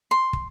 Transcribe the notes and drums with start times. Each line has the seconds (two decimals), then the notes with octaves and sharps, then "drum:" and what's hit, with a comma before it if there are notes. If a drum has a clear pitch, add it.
0.11 C6
0.33 drum: kick